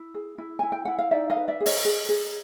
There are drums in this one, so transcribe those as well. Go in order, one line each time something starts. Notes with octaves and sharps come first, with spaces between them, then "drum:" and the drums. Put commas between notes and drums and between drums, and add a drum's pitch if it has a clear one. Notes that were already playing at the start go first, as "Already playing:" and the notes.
Already playing: E4
G#4
E4
E4 G#5
G5
E4 F#5
F5
D#4 D5 E5
D#5 F5
B4
D5 E5
G#4
C#5 D#5, drum: open hi-hat
G#4
G#4